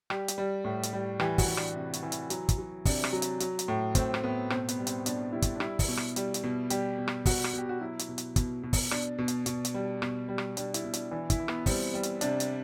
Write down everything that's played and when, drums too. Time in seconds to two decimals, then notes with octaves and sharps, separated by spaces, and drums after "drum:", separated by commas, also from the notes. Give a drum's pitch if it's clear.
0.10 G3 G4, drum: rim click
0.28 drum: hi-hat
0.38 G3
0.64 A2
0.83 drum: hi-hat
0.93 G3
1.20 E3 G4, drum: rim click
1.38 F#4, drum: kick, open hi-hat
1.48 E3
1.57 D4, drum: rim click
1.75 C3
1.93 drum: hi-hat
2.03 E3
2.12 drum: hi-hat
2.30 F#3, drum: hi-hat
2.49 drum: kick, hi-hat
2.58 F#3
2.85 C3 D4, drum: kick, open hi-hat
3.04 drum: rim click
3.13 F#3
3.22 drum: hi-hat
3.40 F#3, drum: hi-hat
3.59 drum: hi-hat
3.68 A2
3.95 A2 C4, drum: kick, hi-hat
4.14 drum: rim click
4.23 A2 B3
4.50 B2 C4, drum: rim click
4.68 B3, drum: hi-hat
4.79 G3
4.87 C4, drum: hi-hat
5.06 B2 D4, drum: hi-hat
5.33 G3 E4
5.42 drum: kick, hi-hat
5.55 D4
5.60 G3 E4, drum: rim click
5.79 drum: kick, open hi-hat
5.88 B2
5.97 drum: rim click
6.16 G3, drum: hi-hat
6.34 drum: hi-hat
6.44 B2
6.70 G3 G4, drum: hi-hat
6.98 B2
7.08 drum: rim click
7.26 B2 F#4, drum: kick, open hi-hat
7.44 drum: rim click
7.53 B2 G4
7.69 F#4
7.81 F#3 E4
7.99 drum: hi-hat
8.08 B2
8.18 drum: hi-hat
8.36 B2, drum: kick, hi-hat
8.63 B2
8.73 drum: kick, open hi-hat
8.91 B2 D4, drum: rim click
9.18 B2
9.28 drum: hi-hat
9.46 B2, drum: hi-hat
9.65 drum: hi-hat
9.74 G3
10.02 B2, drum: rim click
10.29 G3
10.38 drum: rim click
10.57 G3 D4, drum: hi-hat
10.74 E4, drum: hi-hat
10.84 B2
10.93 D4, drum: hi-hat
11.11 E3 D4
11.30 E4, drum: kick, hi-hat
11.40 E3
11.48 B3, drum: rim click
11.66 G3 C4, drum: kick, open hi-hat
11.94 G3
12.03 drum: hi-hat
12.21 C3 D4, drum: hi-hat
12.40 drum: hi-hat